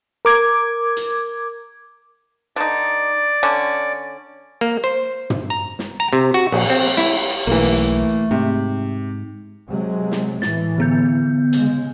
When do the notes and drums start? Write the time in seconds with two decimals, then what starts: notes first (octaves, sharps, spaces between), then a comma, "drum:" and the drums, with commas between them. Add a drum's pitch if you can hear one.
0.25 A#4 D6 G#6
0.97 drum: hi-hat
2.56 D3 D#4 D5
3.43 D3 C#4
4.61 A#3
4.84 C5
5.30 drum: tom
5.50 A#5
5.79 drum: snare
6.00 A#5
6.13 C3
6.34 F#4
6.52 A#1, drum: cymbal
6.70 C4
6.97 E4, drum: snare
7.47 B1 E3 A3 A#3
8.31 G#2 C3
9.67 C3 F#3 G#3
10.11 drum: snare
10.42 A2 E3 A6, drum: snare
10.78 D3 B3 G6
11.53 C#3 G#3, drum: hi-hat